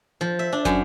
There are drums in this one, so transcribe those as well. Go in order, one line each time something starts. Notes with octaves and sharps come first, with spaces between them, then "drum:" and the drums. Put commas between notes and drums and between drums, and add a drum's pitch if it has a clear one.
F3
E5
D4
F#2, drum: kick, hi-hat